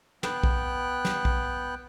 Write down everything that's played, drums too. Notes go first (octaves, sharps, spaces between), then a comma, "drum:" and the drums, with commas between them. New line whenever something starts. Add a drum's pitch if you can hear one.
B3 G5 F#6, drum: snare
drum: kick B1
drum: snare
drum: kick B1